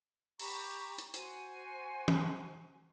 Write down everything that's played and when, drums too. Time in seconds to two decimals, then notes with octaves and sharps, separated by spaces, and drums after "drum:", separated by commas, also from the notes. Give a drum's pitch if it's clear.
0.39 G4 A#5 B5 C#6, drum: open hi-hat
0.98 drum: hi-hat
1.14 F#4 C5 G#5, drum: hi-hat
2.08 drum: tom